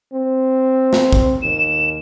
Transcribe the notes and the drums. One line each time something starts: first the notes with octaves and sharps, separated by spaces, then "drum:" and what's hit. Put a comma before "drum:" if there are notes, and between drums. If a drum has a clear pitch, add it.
C4
drum: snare
drum: kick
D#2 E7